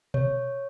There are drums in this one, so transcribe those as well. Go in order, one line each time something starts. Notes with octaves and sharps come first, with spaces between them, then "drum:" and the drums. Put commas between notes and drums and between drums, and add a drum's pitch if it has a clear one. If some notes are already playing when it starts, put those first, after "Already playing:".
C#5, drum: tom B2